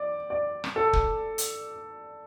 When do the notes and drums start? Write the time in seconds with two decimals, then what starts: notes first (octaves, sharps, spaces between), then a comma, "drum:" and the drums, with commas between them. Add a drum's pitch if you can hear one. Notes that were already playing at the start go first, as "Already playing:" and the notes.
Already playing: D5
0.30 D5
0.64 drum: rim click
0.76 A4
0.93 drum: kick
1.38 drum: hi-hat